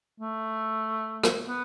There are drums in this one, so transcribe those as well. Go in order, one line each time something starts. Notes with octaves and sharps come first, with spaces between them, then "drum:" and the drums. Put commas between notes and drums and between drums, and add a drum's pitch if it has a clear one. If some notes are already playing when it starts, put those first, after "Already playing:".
A3
drum: rim click
B3